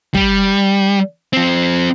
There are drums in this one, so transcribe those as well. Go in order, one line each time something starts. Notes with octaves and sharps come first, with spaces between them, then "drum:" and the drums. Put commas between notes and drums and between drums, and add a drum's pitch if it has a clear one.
G3, drum: kick
F3 C4